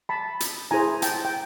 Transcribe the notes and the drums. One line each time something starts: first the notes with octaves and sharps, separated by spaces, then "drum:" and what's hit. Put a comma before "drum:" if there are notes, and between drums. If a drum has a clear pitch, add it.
A5 B5
drum: hi-hat
E4 G#4 C5 G#5 A#5
G5 A5, drum: hi-hat
G5